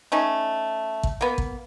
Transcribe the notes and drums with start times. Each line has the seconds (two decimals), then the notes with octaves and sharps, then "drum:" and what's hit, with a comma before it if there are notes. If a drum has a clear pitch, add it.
0.12 A3 C#4 D#4
1.03 drum: kick
1.21 A#3 B3
1.38 drum: kick